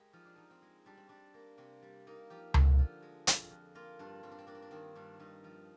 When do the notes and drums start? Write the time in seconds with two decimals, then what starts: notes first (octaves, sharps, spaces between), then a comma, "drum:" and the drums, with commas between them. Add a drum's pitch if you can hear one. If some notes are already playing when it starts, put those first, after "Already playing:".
Already playing: G#3 G4 A#4
0.13 F3 D#4
0.25 D4
0.36 F3 D#4
0.50 C4
0.62 G#3
0.86 G3 D4
0.97 C4
1.09 G3 D4
1.34 A#3
1.58 C3 C4
1.82 G3
2.07 A#3 D#4
2.30 F3 G4
2.54 D3, drum: tom C#2
2.79 F3
3.02 G#3
3.27 F2, drum: hi-hat
3.51 F2
3.75 A#3 F4
3.99 G2 D4
4.23 G2 C4
4.31 D4
4.38 C4
4.47 A#3 D4
4.55 C4
4.62 D4
4.71 D#3 C4
4.95 G2 D4
5.20 G2 D#4
5.44 F3